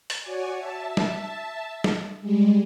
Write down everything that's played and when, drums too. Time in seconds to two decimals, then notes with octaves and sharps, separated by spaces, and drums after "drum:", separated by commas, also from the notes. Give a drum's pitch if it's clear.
0.10 drum: hi-hat
0.21 F#4 C#5 D5 G#5
0.56 E5 A5
0.97 drum: snare
1.84 drum: snare
2.21 G3 G#3